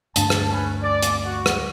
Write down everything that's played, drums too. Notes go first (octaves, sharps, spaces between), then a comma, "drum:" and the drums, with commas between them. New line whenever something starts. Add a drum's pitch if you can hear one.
D2 G2 D4 A5, drum: hi-hat
drum: rim click
C#4 B4
D5
drum: hi-hat
F#4
drum: rim click